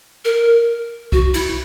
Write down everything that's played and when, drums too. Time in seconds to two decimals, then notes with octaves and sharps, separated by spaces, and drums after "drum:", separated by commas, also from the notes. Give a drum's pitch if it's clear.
0.25 A#4
1.12 F#4, drum: kick
1.34 E4, drum: cymbal